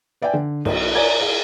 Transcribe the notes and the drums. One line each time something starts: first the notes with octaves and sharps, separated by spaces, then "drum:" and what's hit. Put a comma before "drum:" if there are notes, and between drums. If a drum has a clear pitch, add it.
B4 D5 E5 G5 G#5
D3
B1, drum: cymbal
A#4 C#5 D5 G#5 A#5 G#6
G#4 F5